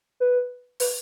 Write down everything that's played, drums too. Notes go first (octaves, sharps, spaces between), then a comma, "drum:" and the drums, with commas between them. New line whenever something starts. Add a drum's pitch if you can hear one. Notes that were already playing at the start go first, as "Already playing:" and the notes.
B4
B4, drum: open hi-hat